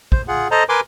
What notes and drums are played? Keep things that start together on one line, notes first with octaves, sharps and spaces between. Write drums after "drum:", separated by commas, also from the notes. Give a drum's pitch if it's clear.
C5, drum: kick
F4 G#4 F#5
A4 C5 D#5 A#5
A#4 B4 G#5 C6 D6